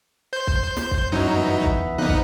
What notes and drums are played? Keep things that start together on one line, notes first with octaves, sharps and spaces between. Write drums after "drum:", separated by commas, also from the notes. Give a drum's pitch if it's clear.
C5 G6
drum: kick
drum: snare
drum: kick
F#2 F#3 C#4 D#4 E4
E3 B3
drum: kick
D3 F3 B3 D#4 F#6
drum: kick